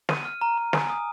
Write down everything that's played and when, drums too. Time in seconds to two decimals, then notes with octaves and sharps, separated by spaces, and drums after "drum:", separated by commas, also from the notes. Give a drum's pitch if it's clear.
0.09 D#7, drum: snare
0.25 F6
0.41 A#5
0.58 A#5
0.73 G#5, drum: snare
0.89 D#6